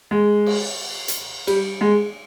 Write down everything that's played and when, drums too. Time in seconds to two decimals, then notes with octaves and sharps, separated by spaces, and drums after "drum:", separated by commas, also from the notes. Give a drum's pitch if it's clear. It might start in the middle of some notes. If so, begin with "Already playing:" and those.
0.11 G#3
0.46 drum: cymbal
1.08 drum: hi-hat
1.47 G3, drum: cymbal
1.81 G#3